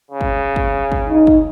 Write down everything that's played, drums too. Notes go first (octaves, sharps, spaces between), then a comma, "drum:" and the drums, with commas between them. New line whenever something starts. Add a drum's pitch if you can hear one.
C#3
drum: kick
drum: kick
drum: kick
D#4
drum: kick